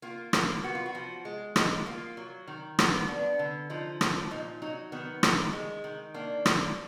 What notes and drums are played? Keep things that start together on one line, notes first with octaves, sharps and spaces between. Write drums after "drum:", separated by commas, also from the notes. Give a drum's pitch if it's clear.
A#3 F4
A#3, drum: rim click
B3 F#4
F4
F#4
F3
G#3
G#3, drum: rim click
A#3 F4
F#3
D#3
B3, drum: rim click
B3 D4
D3
F3 D#4
F3, drum: rim click
A#2 D#4
F#3 D#4
D#3 B3
D#3, drum: rim click
G#3
D#3
A#3 D4
D3, drum: rim click